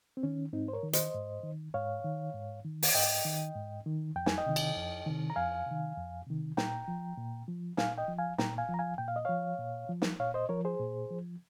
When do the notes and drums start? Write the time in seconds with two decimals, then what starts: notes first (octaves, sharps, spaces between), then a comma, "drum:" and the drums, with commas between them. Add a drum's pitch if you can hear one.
0.17 C4
0.23 D#3 C#4
0.53 G#2 C4 D#4
0.68 C5
0.73 A#4 C#5
0.83 D#3
0.93 C5 D#5, drum: hi-hat
1.14 G#2
1.43 D#3
1.74 G#2 C#5 F5
2.04 D#3
2.34 G#2
2.64 D#3
2.83 drum: open hi-hat
2.95 G#2 D#5 G5
3.25 D#3
3.55 G#2
3.86 D#3
4.16 F2 G5
4.26 G#5, drum: snare
4.38 D#5 G5
4.46 C3 D#3
4.56 drum: cymbal
4.76 F2
5.06 C3 D#3
5.30 A#5
5.36 F2 F5 G#5
5.66 C3
5.71 D#3
5.97 F2
6.27 C3 D#3
6.57 A#2 G5 A#5, drum: snare
6.88 F3
7.17 A#2
7.48 F3
7.77 A#2 F5 G#5, drum: snare
7.98 D#5 G5
8.08 F3
8.18 F5 G#5
8.38 A#2 G5 A#5, drum: snare
8.58 F5 G#5
8.69 F3
8.74 A#5
8.79 F5 G#5
8.98 A#2 G5
9.08 F5
9.16 D#5
9.25 F3 C#5 F5
9.59 A#2
9.89 F3
10.02 drum: snare
10.19 A#2 C#5 F5
10.34 C5 D#5
10.49 F3 A#4 C#5
10.65 G#4 C5
10.80 A#2
11.10 F3